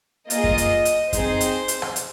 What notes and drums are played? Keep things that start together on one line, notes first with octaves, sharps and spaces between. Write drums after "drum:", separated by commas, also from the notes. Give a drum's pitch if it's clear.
A#3 F4 G#4 D#5, drum: hi-hat
drum: kick F#2
drum: hi-hat
drum: hi-hat
C4 D#4 G#4 C5, drum: kick F#2, hi-hat
drum: hi-hat
drum: hi-hat
drum: rim click
drum: hi-hat